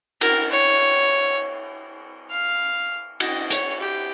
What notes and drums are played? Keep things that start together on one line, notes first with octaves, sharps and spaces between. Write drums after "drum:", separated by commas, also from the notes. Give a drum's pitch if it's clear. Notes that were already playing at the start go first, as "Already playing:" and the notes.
A#4, drum: cymbal
C#5
F5
D#5, drum: cymbal
C#5, drum: hi-hat
G4